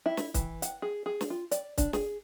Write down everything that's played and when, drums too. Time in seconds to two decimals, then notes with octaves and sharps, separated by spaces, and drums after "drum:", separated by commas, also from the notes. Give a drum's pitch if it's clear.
0.06 E4
0.17 drum: snare
0.34 E3, drum: kick, hi-hat
0.62 F#5, drum: hi-hat
0.82 G#4
1.06 G#4
1.21 drum: snare
1.30 F4
1.51 D5, drum: hi-hat
1.78 D4, drum: kick, hi-hat
1.93 G#4, drum: snare